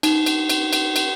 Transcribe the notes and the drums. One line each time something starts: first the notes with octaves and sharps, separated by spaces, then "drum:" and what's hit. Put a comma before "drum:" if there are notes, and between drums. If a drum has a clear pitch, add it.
D#4, drum: cymbal
drum: cymbal
drum: cymbal
drum: cymbal
drum: cymbal